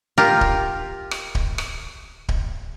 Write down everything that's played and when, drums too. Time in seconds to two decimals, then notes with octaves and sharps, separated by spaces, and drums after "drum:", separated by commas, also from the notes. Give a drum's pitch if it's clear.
0.18 F4 G4 A#4
0.41 drum: kick D1
1.11 drum: rim click
1.35 drum: kick D1
1.58 drum: rim click
2.29 drum: kick D1